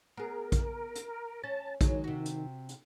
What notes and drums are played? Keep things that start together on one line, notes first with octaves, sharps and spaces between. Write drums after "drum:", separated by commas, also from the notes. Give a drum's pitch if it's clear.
B3 G#4 A#4
drum: kick A#1, hi-hat
drum: hi-hat
C#4 A5
D#3 F#3 G#3, drum: kick A#1, hi-hat
C3 F#4
drum: hi-hat
drum: hi-hat